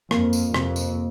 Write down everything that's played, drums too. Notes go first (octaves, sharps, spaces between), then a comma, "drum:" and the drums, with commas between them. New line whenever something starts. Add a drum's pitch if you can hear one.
F2 A#3, drum: rim click
drum: tambourine
F2 C3, drum: rim click
drum: tambourine